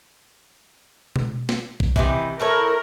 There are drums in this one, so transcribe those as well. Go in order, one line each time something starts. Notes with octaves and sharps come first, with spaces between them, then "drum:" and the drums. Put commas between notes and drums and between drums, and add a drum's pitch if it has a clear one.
drum: tom B2
drum: snare
drum: kick
C3 D#3 E3, drum: kick
A3 E4 A#4 C#5